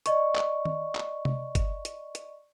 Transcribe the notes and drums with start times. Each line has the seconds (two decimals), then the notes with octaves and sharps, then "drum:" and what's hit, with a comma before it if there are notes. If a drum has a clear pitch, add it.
0.06 D5 D#5 C#6, drum: hi-hat
0.36 drum: clap
0.65 drum: tom
0.95 drum: clap
1.25 drum: tom C3
1.55 drum: kick, hi-hat
1.85 drum: hi-hat
2.15 drum: hi-hat